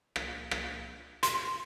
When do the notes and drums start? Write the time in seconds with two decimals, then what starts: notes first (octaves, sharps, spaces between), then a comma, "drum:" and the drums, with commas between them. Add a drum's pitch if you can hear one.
0.16 drum: rim click
0.51 drum: rim click
1.23 C6, drum: hi-hat